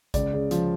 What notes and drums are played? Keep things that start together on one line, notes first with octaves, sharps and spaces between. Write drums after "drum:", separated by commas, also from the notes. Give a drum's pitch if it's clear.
C#2 D5, drum: kick A1, hi-hat
C#3
F3, drum: hi-hat